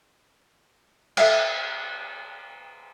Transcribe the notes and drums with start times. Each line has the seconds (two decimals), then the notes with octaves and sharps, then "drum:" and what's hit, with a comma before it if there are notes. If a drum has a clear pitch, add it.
1.17 A4 E5 F5 G5, drum: cymbal